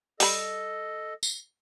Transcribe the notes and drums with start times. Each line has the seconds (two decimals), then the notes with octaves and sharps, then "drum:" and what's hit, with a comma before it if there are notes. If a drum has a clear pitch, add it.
0.20 G3 A4 D#5 B5, drum: open hi-hat
1.23 drum: tambourine